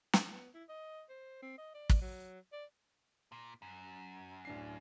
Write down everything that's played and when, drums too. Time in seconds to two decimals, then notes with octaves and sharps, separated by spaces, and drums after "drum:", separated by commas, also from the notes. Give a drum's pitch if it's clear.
0.13 drum: snare
0.32 B3
0.55 E4
0.69 D#5
1.09 C5
1.42 C4
1.58 D#5
1.74 D5
1.90 drum: kick
2.01 F#3
2.52 D5
3.32 A#2
3.62 F#2
4.45 D1 D4 C7